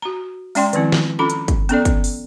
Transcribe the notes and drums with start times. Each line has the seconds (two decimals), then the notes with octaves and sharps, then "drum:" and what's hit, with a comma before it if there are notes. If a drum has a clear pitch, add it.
0.02 F#4 A#5
0.55 G#3 C#4 D5 G5 C6, drum: open hi-hat
0.73 D#3 F3 C4 E4, drum: hi-hat
0.92 drum: snare
1.19 C#4 F4 A4 B5
1.30 drum: hi-hat
1.48 drum: kick, hi-hat
1.69 B3 C#4 A4 D5, drum: hi-hat
1.85 drum: kick, hi-hat
2.04 drum: open hi-hat